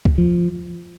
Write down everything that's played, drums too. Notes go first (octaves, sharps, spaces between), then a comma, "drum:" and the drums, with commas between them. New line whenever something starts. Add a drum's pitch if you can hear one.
drum: kick
F3